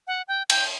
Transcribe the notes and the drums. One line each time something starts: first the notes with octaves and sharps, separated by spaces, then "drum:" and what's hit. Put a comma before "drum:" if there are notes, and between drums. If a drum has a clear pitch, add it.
F#5
G5
G5, drum: cymbal